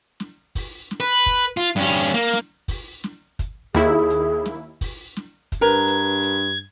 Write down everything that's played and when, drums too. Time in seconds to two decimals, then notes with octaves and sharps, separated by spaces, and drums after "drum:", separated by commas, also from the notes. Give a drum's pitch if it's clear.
0.20 drum: snare
0.55 drum: kick, open hi-hat
0.91 drum: snare
1.00 B4
1.26 drum: kick, hi-hat
1.57 F4
1.76 G2 C#4
1.97 drum: hi-hat
2.14 A#3
2.33 drum: snare
2.68 drum: kick, open hi-hat
3.04 drum: snare
3.39 drum: kick, hi-hat
3.75 D#2 E4 G#4, drum: hi-hat
4.10 drum: hi-hat
4.46 drum: snare
4.81 drum: kick, open hi-hat
5.16 drum: snare
5.52 drum: kick, hi-hat
5.61 G2 A#4 B4 A#5 G#6
5.87 drum: hi-hat
6.23 drum: hi-hat